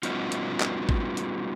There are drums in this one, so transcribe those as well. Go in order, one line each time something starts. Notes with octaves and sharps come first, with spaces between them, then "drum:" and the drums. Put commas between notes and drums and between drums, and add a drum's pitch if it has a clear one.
G3 B3 C#4 D#4 F4 F#4, drum: hi-hat
drum: hi-hat
drum: clap
drum: kick G#1
drum: hi-hat